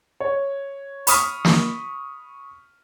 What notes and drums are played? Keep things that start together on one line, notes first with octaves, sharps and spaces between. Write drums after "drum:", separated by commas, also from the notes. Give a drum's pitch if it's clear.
C#5
B5 C#6 D#6 F6 B6, drum: hi-hat
drum: snare